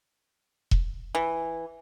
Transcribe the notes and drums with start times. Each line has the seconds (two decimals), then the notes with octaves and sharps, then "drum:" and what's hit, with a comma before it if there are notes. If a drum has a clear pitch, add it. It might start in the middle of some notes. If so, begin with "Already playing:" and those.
0.71 drum: kick E1
1.15 E3